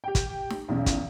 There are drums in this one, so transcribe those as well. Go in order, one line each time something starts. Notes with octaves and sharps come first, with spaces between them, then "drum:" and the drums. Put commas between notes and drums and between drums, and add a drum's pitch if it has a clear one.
G4 G5
drum: kick, hi-hat
drum: snare
B1 E2 C#3
drum: kick, hi-hat